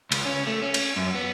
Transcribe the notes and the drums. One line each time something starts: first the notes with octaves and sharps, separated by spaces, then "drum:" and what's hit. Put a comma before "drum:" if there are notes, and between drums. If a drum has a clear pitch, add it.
C#2, drum: cymbal
C#4
A3
C#4
drum: cymbal
F#2
B3